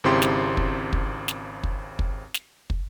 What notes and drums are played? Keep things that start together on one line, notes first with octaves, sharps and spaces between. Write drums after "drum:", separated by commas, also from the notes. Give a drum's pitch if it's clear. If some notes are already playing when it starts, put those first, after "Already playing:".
G#1 C#3 C4 E4 G4 C6
drum: snare
drum: kick
drum: kick
drum: snare
drum: kick
drum: kick
drum: snare
drum: kick